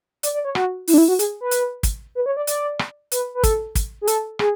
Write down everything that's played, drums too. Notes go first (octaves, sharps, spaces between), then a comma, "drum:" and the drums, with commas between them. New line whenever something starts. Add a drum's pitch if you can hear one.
D5, drum: hi-hat
D5
C#5
F#4, drum: rim click
E4, drum: open hi-hat
D4
E4
F#4
G#4, drum: hi-hat
B4
drum: hi-hat
drum: kick, hi-hat
B4
C#5
D5
D5, drum: hi-hat
drum: rim click
B4, drum: hi-hat
B4
A4, drum: kick, hi-hat
drum: kick, hi-hat
G#4
A4, drum: hi-hat
G#4, drum: rim click